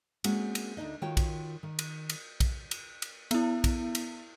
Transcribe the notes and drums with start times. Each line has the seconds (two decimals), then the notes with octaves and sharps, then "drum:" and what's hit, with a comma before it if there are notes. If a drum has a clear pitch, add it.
0.24 G#3 A#3 C4 C#4 F#4, drum: cymbal
0.55 drum: cymbal
0.77 D2 D4 D#4 D#5
1.02 D#3 F4 F#4 C#5 G5
1.17 drum: kick, cymbal
1.63 D#3
1.79 drum: cymbal
2.10 drum: cymbal
2.40 drum: kick, cymbal
2.71 drum: cymbal
3.02 drum: cymbal
3.31 B3 E4, drum: cymbal
3.64 drum: kick, cymbal
3.95 drum: cymbal